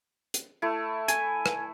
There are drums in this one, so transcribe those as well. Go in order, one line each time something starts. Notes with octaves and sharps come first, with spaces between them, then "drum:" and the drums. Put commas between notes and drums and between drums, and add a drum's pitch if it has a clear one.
drum: hi-hat
A3 E4
G#5, drum: hi-hat
drum: rim click